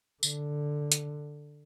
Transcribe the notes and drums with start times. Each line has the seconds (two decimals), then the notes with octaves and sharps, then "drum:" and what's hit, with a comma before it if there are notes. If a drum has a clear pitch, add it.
0.23 D3, drum: tambourine
0.92 drum: hi-hat